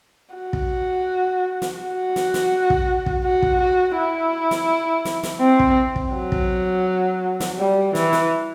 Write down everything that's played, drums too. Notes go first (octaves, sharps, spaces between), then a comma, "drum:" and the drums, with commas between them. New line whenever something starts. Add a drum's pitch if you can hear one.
F#4
drum: kick
drum: snare
F#4
drum: snare
drum: snare
drum: kick
drum: kick
F#4
drum: kick
F#4
E4
drum: snare
drum: snare
drum: snare
C4
drum: kick
drum: kick
F#3
drum: kick
drum: snare
G3
E3, drum: snare
drum: snare